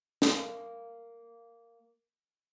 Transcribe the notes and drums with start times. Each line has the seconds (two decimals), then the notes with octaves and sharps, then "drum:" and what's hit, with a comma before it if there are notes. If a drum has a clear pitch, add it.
0.22 A#3 A#4, drum: snare